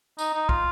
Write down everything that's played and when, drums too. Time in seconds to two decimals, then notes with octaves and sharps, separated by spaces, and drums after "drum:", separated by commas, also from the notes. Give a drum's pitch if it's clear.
0.19 D#4, drum: tambourine
0.34 D#4
0.49 F4, drum: kick